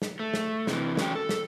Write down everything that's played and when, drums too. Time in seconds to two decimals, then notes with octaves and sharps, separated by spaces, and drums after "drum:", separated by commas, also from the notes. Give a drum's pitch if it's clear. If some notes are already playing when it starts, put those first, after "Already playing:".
0.02 drum: snare
0.20 A3
0.34 drum: snare
0.67 C3 E3, drum: snare
0.97 E3 C#4 F#4 G5, drum: snare
1.15 A4
1.29 drum: snare